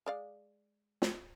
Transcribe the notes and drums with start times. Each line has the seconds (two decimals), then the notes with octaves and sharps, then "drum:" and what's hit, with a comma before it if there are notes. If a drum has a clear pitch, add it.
0.06 G#3 D5 F5
1.02 drum: snare